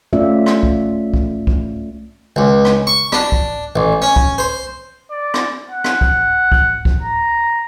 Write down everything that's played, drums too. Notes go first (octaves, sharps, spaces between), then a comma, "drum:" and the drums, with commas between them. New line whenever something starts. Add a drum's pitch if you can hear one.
A3 C#4 F4 D5 E5
drum: rim click
drum: kick C2
drum: kick C2
drum: kick C2
C#2
drum: rim click
C#6
D4, drum: rim click
drum: kick C2
A1
C#4
drum: kick C2
C5
D5
drum: rim click
F#5
drum: rim click
drum: kick C2
drum: kick C2
drum: kick C2
A#5